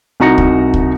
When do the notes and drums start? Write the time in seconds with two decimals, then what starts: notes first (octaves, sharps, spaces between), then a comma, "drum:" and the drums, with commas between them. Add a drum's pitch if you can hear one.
0.20 C2 D#4 F#4 A#5 A#6 C#7
0.38 drum: kick
0.74 drum: kick